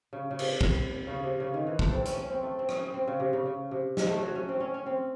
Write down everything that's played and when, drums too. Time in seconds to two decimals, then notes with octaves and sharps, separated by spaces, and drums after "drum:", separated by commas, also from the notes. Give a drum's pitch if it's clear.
0.13 C#3
0.31 C#3
0.39 C3, drum: cymbal
0.61 drum: kick
1.07 C#3
1.24 C3
1.40 C#3
1.54 D#3
1.67 E3
1.79 A3, drum: kick
1.92 C4
2.05 C#4, drum: hi-hat
2.18 C#4
2.30 C4
2.43 A3
2.59 C4
2.69 C#4, drum: rim click
2.94 C4
3.08 C#3
3.20 C3
3.33 C#3
3.46 C#3
3.71 C3
3.97 G#3, drum: snare
4.09 A3
4.23 F#3
4.35 C#4
4.49 C4
4.60 C#4
4.74 C#4
4.86 C4